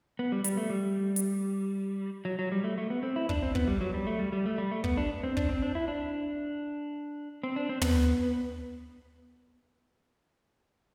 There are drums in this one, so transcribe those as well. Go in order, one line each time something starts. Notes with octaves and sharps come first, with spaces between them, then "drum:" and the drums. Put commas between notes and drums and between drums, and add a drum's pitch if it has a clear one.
B3
G3
G3, drum: hi-hat
A3
G3
drum: hi-hat
F#3
F#3
G3
A3
A3
B3
C4
E4
D4, drum: kick
C4
B3, drum: kick
G3
F#3
G3
A3
G3
G3
A3
G3
A3
B3, drum: kick
D4
C4
D4, drum: kick
C4
D4
E4
D4
C4
D4
C4
B3, drum: tom